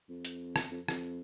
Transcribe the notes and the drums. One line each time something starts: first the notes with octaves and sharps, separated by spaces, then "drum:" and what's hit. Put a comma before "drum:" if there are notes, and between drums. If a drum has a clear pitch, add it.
F2
drum: hi-hat
drum: rim click
F2
F2, drum: rim click